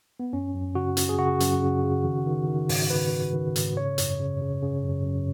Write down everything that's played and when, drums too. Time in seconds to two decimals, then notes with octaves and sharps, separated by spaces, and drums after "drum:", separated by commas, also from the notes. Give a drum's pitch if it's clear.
0.20 B3
0.33 F#2 C#4
0.54 F#2
0.75 C#3 F#4
0.97 F#2, drum: hi-hat
1.09 G#4
1.19 C#3 F#4
1.40 F#2, drum: hi-hat
1.62 C#3
1.83 C#3
2.05 D#3
2.26 D#3
2.48 D#3
2.69 G#2, drum: open hi-hat
2.90 D#3 B4
3.12 D#3
3.33 D#3
3.56 G#2, drum: hi-hat
3.76 C#3 C#5
3.98 F#2, drum: hi-hat
4.20 C#3
4.42 C#3
4.63 C#3
4.84 F#2
5.06 F#2